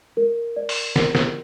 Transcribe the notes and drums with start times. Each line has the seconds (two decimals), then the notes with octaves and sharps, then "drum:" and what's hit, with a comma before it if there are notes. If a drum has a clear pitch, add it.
0.17 A#4
0.56 D5
0.69 drum: open hi-hat
0.96 A#4, drum: snare
1.15 drum: snare